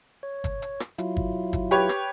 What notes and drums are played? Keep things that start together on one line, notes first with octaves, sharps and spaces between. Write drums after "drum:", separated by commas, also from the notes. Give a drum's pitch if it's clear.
C#5
drum: kick G1, hi-hat
drum: hi-hat
drum: rim click
F#3 E4 F4, drum: hi-hat
drum: kick G1
drum: kick G1, hi-hat
G4 B4 C#5, drum: hi-hat
drum: rim click